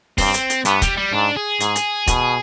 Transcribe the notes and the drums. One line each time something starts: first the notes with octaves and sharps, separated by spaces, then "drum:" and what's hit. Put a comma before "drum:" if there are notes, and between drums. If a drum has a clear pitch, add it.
G2 C4, drum: kick, open hi-hat
drum: hi-hat
drum: hi-hat
G2 B3, drum: hi-hat
G3, drum: kick, hi-hat
G3
G#2 D4
G#4
G#2, drum: hi-hat
drum: hi-hat
B2, drum: kick, hi-hat